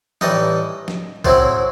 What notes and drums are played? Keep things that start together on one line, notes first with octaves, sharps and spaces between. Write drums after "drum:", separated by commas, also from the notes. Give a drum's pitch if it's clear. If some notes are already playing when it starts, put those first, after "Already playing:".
A2 E3 G3 D#4 D#5, drum: snare
drum: snare
A2 F#3 C4 E4 C5, drum: kick